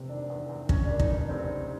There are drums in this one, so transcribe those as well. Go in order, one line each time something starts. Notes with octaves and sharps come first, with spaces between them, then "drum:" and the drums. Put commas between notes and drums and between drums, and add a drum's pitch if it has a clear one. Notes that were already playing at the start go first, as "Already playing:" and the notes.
Already playing: F1 E2 C3 C4
D#3 D4
E2
E2
C#3 C#4, drum: kick
D#2 D4
D#4, drum: kick
F1
D4
F1 C4
F1